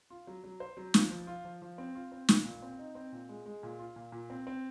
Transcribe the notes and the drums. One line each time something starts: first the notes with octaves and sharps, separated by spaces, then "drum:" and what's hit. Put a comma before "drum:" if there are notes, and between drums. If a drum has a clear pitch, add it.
F4
F#3
F#3
C5
F#3
F3, drum: snare
F3
F4
F3
F3
C4
F4
C4
A#2, drum: snare
A#2
C4
D#4
C4
A#2
G#3
G#3
A#2
F4
A#2
A#2
C4
C4